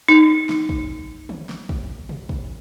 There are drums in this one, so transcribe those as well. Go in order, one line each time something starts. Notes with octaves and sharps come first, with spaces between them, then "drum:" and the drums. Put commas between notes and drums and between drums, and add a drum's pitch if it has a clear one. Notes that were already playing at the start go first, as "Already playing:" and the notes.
D#4
drum: snare
drum: kick
drum: tom
drum: snare
drum: kick
drum: tom
drum: kick